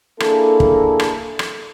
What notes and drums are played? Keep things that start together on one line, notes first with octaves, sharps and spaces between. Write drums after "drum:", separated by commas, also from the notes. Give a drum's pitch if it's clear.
A#3 D4 E4 G#4 A4, drum: rim click
drum: kick
drum: rim click
drum: rim click